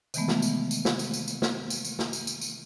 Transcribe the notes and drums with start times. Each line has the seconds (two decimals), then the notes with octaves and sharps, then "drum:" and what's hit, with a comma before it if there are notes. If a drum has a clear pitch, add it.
0.14 C3 D#3 E3 G#3 A3 B3, drum: tambourine
0.28 drum: snare
0.42 drum: tambourine
0.71 drum: tambourine
0.85 drum: snare
0.99 drum: tambourine
1.13 drum: tambourine
1.28 drum: tambourine
1.42 drum: snare
1.70 drum: tambourine
1.85 drum: tambourine
1.99 drum: snare
2.13 drum: tambourine
2.27 drum: tambourine
2.41 drum: tambourine